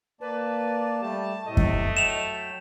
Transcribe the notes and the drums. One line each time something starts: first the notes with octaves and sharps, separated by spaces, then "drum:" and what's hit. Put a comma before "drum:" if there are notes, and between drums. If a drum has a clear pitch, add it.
A#3 B4 D5 A5
G3 A3 G4 A5
A2 C3 A3 D#5
drum: kick F#2
F#3 G5 E7 F7